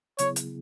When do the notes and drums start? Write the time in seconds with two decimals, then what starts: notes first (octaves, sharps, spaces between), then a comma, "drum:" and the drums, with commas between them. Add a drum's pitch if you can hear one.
0.18 C#3 F#3 B3 E4 G#4 C#5, drum: hi-hat
0.36 drum: hi-hat